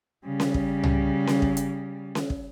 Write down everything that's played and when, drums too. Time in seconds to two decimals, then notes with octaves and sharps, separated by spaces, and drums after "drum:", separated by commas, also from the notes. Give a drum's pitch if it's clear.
0.25 C#3 G3
0.40 drum: snare C#4
0.54 drum: kick
0.84 drum: tom C2
1.27 drum: snare C#4
1.42 drum: kick
1.57 drum: hi-hat
2.15 drum: snare C#4
2.30 drum: kick